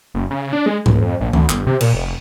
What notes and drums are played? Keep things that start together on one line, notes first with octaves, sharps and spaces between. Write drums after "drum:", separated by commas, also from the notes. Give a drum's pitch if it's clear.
F#1
C#3
D4
G#3
C#2, drum: tom G#2
F2
A#1
D2, drum: tom D#3
G1, drum: clap
C3
A#2, drum: cymbal
F1